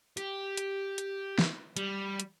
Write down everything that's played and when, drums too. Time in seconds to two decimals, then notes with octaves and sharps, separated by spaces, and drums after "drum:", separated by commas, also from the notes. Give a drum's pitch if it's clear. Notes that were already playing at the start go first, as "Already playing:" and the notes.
0.17 G4, drum: hi-hat
0.57 drum: hi-hat
0.98 drum: hi-hat
1.38 drum: snare
1.77 G3, drum: hi-hat
2.20 drum: hi-hat